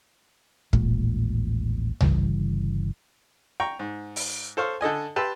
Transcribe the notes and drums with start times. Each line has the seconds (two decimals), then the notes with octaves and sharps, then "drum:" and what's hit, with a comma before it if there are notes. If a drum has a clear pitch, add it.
0.73 D#1 A1 A#2 G#3, drum: kick
2.01 G1 C#3 E3 G3, drum: tom C2
3.60 G5 A#5 C#6
3.79 G#2
4.16 drum: open hi-hat
4.57 A4 C5 C#5 F5
4.81 D3 A4 D#5 G#5
5.16 G4 B4 A5 C6 E6